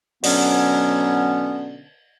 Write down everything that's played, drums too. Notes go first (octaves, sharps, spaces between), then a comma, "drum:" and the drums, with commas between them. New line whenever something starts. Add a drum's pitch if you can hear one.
B2 D3 F#3 B3 C#4, drum: open hi-hat